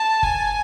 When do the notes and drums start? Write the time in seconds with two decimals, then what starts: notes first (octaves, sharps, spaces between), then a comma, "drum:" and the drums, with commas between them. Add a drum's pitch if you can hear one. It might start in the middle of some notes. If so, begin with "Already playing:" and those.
Already playing: A5
0.23 G#5, drum: kick